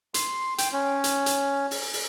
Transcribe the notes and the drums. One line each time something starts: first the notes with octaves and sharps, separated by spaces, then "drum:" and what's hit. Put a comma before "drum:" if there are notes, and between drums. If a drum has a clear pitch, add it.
C6, drum: hi-hat
G5, drum: hi-hat
C#4
drum: hi-hat
drum: hi-hat
drum: open hi-hat
drum: open hi-hat